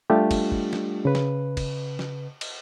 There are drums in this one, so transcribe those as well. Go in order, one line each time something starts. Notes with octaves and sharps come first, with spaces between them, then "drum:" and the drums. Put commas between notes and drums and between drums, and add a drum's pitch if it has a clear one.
G3 A3 D4 F4 G4
drum: kick, cymbal
drum: kick
drum: snare
C#3 B4
drum: snare
drum: kick, cymbal
drum: snare
drum: cymbal